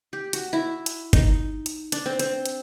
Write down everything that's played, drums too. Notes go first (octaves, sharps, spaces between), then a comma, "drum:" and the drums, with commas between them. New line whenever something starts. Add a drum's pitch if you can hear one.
G4
F#4, drum: hi-hat
E4
drum: hi-hat
D#4, drum: kick, hi-hat
drum: hi-hat
D4, drum: hi-hat
C4
C4, drum: hi-hat
drum: hi-hat